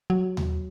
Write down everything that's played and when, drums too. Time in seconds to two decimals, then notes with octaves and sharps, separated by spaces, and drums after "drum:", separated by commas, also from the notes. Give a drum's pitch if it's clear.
0.10 F#3
0.37 drum: tom D#2